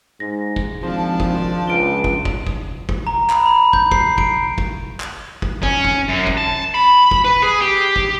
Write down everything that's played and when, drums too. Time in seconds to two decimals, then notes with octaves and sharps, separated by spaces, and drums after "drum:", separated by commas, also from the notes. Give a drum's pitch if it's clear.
0.20 G#2 A#6
0.56 drum: kick
0.83 G#1 F3 D4 A5
1.20 drum: kick
1.67 C#2 D7 G7
2.04 drum: kick
2.25 drum: kick
2.47 drum: kick
2.89 drum: kick
3.07 A#5
3.30 B5, drum: clap
3.46 B5
3.73 G6, drum: kick
3.91 C7, drum: kick
4.18 D7, drum: kick
4.58 drum: kick
5.00 drum: clap
5.42 drum: kick
5.63 C#4, drum: kick
5.85 drum: kick
6.08 F#2
6.27 drum: kick
6.38 A5
6.74 B5
7.11 drum: kick
7.24 B4
7.42 G#4
7.61 G4
7.96 drum: kick